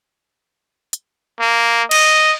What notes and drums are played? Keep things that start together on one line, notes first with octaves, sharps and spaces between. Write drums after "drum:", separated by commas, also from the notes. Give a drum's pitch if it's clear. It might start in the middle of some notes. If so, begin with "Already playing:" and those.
drum: hi-hat
A#3
D#5, drum: cymbal